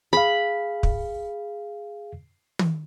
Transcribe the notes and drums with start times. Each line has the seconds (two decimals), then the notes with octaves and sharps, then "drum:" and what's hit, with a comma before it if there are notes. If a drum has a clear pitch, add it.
0.13 G#4 F5 B5
0.83 drum: kick
2.59 drum: tom